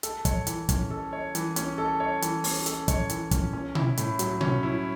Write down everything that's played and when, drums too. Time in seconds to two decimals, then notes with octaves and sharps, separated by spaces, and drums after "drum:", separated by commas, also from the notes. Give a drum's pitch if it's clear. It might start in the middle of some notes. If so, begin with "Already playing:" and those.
0.03 A4, drum: hi-hat
0.25 C#5, drum: kick, hi-hat
0.47 E3, drum: hi-hat
0.69 C#4, drum: kick, hi-hat
0.90 A4
1.13 C#5
1.35 E3, drum: hi-hat
1.56 C#4, drum: hi-hat
1.78 A4
2.00 C#5
2.22 E3, drum: hi-hat
2.44 C#4, drum: open hi-hat
2.66 A4, drum: hi-hat
2.88 C#5, drum: kick, hi-hat
3.10 E3, drum: hi-hat
3.31 C#4, drum: kick, hi-hat
3.53 C#4
3.75 E4, drum: tom B2
3.97 A2, drum: hi-hat
4.19 F#3, drum: hi-hat
4.41 C#4, drum: tom B2
4.63 E4